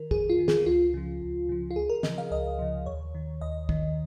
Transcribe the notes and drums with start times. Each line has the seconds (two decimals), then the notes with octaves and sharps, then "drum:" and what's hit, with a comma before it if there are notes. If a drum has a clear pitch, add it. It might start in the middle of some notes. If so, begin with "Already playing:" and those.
Already playing: D#3 A#4
0.11 F2 G#4, drum: kick
0.29 F4
0.39 D#3
0.48 G#4, drum: snare
0.66 C#2 F4
0.94 C#3 F3
1.22 C#2
1.49 C#3 F3
1.71 F4
1.76 C#2 G#4
1.89 A#4
2.03 C#3 F3 D#5, drum: snare
2.18 F5
2.31 C#2 D#5
2.59 C#3 F3
2.86 D#2 C#5
3.15 D#3
3.41 D#2 D#5
3.69 D#3, drum: kick